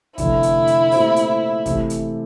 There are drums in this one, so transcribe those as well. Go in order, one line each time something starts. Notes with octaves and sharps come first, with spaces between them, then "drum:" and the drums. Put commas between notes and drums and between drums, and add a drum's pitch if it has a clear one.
F1 F2 D3 A3 E4, drum: kick, hi-hat
drum: hi-hat
drum: hi-hat
A#2 A3 C4 G4 C5, drum: open hi-hat
drum: hi-hat
C3 E3 A3, drum: kick, hi-hat
drum: hi-hat